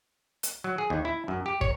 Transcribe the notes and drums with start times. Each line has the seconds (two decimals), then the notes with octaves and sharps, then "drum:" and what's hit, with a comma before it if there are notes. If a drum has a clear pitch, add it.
0.43 drum: hi-hat
0.64 F#3
0.78 G#4
0.90 D#2
1.05 E4
1.28 F#2
1.46 G4
1.61 C#5, drum: kick